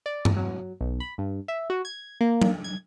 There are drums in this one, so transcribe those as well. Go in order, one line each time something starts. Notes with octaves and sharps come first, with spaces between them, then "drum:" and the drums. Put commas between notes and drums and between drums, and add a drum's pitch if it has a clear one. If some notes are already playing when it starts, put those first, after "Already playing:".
D5
drum: tom G2
F#3
B1
B5
G2
E5
F#4
G#6
A#3
drum: tom F#3
G#6